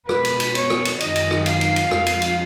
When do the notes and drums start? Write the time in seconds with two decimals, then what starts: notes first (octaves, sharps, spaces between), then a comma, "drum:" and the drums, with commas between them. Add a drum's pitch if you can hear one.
0.09 B2 G#3 B4, drum: rim click
0.25 drum: cymbal
0.40 drum: cymbal
0.55 C#5, drum: cymbal
0.70 drum: rim click
0.85 drum: cymbal
1.01 F#2 D#3 G#3 D#5, drum: cymbal
1.16 drum: cymbal
1.31 drum: rim click
1.46 F5, drum: cymbal
1.61 drum: cymbal
1.76 drum: cymbal
1.91 F2 F3 G#3, drum: rim click
2.07 drum: cymbal
2.22 drum: cymbal